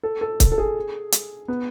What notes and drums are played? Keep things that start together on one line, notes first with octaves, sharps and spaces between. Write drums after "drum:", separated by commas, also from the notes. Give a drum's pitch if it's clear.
A4
A4
A4, drum: kick C#1, hi-hat
A4
G#4
drum: hi-hat
B3